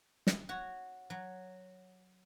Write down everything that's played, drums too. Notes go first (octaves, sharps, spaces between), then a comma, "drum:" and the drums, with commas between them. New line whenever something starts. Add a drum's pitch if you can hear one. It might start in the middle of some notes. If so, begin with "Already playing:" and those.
drum: snare
F#4 C#5
F#3